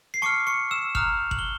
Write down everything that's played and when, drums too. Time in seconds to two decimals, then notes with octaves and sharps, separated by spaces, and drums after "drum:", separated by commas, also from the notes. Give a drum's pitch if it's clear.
0.14 C7
0.22 A5 C#6 D6 F6 C#7
0.47 C#6 C#7
0.71 E6 E7
0.95 A#5 D#6 F6 F#6 F7, drum: kick G1
1.31 F#7, drum: kick G1
1.39 G7